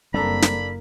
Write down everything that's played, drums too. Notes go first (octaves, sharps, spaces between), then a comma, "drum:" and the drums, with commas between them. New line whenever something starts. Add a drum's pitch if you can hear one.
F#1 G3 A#3 C4 D4 A4 A#5 B5
drum: snare